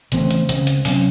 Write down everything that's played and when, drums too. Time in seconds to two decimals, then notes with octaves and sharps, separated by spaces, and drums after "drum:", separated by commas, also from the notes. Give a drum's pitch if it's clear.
0.12 C#3 E3 A3 C4 C#4, drum: hi-hat
0.31 drum: hi-hat
0.49 C#3 G#3 C#4, drum: hi-hat
0.67 drum: hi-hat
0.85 C3 F#3 C4 C#4, drum: open hi-hat